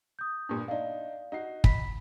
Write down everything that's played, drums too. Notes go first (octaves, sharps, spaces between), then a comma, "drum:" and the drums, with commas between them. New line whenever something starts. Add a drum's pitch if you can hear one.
D#6 G6
G2 A#2
D4 D#4 D5 F5
D#4 F#4 C7
B5 B6, drum: kick